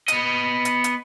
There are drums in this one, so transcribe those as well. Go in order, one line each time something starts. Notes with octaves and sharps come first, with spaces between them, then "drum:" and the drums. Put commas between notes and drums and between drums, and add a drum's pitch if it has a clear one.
B3 D#5, drum: hi-hat
drum: hi-hat
drum: hi-hat